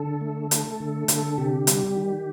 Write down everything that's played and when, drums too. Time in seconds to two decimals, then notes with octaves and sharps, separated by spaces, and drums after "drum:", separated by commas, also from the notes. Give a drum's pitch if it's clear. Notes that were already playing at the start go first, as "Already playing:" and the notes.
Already playing: D3 A4
0.21 A3
0.51 A3, drum: hi-hat
0.80 D3
1.08 D3, drum: hi-hat
1.38 C3 G4
1.67 G3, drum: hi-hat
1.96 D#3